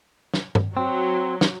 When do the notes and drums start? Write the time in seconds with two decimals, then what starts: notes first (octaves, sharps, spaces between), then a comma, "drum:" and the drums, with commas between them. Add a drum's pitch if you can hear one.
0.34 drum: snare
0.55 drum: tom
0.77 F#3 C4
1.41 drum: snare